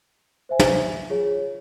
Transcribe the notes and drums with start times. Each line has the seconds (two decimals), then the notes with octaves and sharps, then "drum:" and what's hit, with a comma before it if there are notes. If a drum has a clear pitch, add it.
0.49 C5 E5 G#5
0.60 drum: tom
1.10 F4 G#4 C#5